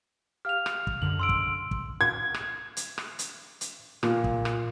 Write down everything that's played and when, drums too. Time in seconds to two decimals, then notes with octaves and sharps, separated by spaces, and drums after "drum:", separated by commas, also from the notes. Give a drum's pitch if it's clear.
0.45 G4 F5 F6 F7
0.66 drum: rim click
0.87 drum: kick
1.02 F#2 D3 F#7
1.19 C6 E6 D7
1.29 drum: kick
1.71 drum: kick
2.01 G#6
2.34 drum: rim click
2.77 drum: hi-hat
2.98 drum: rim click
3.19 drum: hi-hat
3.61 drum: hi-hat
4.03 A#2, drum: rim click
4.24 drum: kick
4.45 drum: rim click